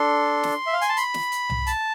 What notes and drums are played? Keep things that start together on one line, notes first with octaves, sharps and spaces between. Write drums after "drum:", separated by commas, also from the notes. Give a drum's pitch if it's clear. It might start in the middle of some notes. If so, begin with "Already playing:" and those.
Already playing: D4 A4 C6
drum: snare
E5
F5
G#5, drum: hi-hat
A5
B5, drum: hi-hat
drum: snare
drum: hi-hat
drum: tom C2
A5, drum: hi-hat